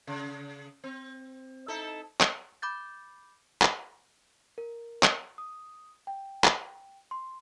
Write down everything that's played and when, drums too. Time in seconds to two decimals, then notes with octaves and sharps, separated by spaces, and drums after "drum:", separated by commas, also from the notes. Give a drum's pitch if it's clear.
0.07 C#3
0.84 C4
1.68 D#4 E4 A4
2.20 drum: clap
2.62 B5 D6 G6 A6
3.62 drum: clap
4.58 A#4
5.03 drum: clap
5.38 D#6
6.07 G5
6.44 drum: clap
7.11 C6